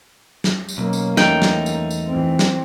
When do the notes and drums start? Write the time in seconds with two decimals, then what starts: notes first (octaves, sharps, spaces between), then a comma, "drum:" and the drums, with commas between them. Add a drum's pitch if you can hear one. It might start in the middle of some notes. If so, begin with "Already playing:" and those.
0.44 drum: snare
0.69 drum: tambourine
0.78 B1 A#3 C#4
0.93 drum: tambourine
1.17 E2 A3 D#4 G5, drum: snare
1.42 drum: snare
1.66 drum: tambourine
1.90 drum: tambourine
2.06 E3 C4
2.39 drum: snare